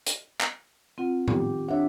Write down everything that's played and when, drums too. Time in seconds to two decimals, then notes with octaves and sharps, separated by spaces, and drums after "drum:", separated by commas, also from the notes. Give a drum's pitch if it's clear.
0.07 drum: hi-hat
0.41 drum: clap
0.98 C4 F4 F#5
1.28 D#3 G4, drum: tom A2
1.68 D4 C#5 E5 F#5